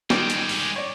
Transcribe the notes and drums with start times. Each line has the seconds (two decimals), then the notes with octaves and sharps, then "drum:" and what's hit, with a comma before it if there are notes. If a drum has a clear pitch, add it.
0.10 D#3 G3 G#3 G4, drum: snare
0.30 drum: hi-hat
0.49 drum: open hi-hat
0.76 C#5 D5